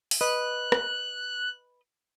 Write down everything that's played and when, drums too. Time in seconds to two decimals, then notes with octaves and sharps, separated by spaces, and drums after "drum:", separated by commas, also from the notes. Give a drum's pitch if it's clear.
0.11 drum: open hi-hat
0.21 B4 D#5 F#6
0.72 drum: rim click